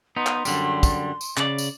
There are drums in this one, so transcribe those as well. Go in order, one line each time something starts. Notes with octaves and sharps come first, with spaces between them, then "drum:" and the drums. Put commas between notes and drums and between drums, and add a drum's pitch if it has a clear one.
B3 D#4 C6
drum: clap
F#2 D3 G3, drum: tambourine
drum: kick, tambourine
drum: tambourine
C#3 D5, drum: clap
drum: tambourine